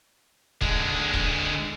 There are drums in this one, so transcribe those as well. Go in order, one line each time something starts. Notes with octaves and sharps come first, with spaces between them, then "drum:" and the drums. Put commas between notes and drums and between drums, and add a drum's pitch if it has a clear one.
D3 G#3, drum: kick C#1
drum: kick C#1